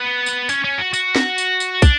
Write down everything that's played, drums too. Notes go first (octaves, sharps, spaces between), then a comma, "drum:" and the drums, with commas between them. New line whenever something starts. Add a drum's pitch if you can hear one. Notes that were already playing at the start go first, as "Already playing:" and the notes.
Already playing: B3
drum: tambourine
C#4, drum: tambourine
C#4
F#4
F#4, drum: tambourine
drum: snare
drum: tambourine
drum: tambourine
D4, drum: kick, tambourine